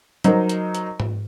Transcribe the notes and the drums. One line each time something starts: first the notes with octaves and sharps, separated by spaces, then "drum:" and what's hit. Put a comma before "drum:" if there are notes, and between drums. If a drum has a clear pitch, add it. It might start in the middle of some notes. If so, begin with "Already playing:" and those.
F#3 D#4 A#4 C5, drum: hi-hat
drum: hi-hat
drum: hi-hat
drum: tom G#2